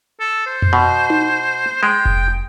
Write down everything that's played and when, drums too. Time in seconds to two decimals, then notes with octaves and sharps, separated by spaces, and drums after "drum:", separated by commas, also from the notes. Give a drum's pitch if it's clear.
0.20 A4
0.46 C5
0.62 drum: tom F2
0.73 B2
1.10 drum: tom D#4
1.83 G#3 G5
2.05 drum: kick F1